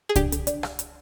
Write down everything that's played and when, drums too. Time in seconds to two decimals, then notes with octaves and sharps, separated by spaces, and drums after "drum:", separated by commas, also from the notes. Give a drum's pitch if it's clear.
0.09 G#4
0.16 D4 G4, drum: kick C2, hi-hat
0.32 D3, drum: hi-hat
0.47 D4, drum: hi-hat
0.63 drum: rim click
0.79 drum: hi-hat